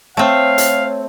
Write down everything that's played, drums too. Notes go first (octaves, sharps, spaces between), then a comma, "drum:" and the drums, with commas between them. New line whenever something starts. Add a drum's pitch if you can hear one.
A3 C4 C#5 F5
drum: hi-hat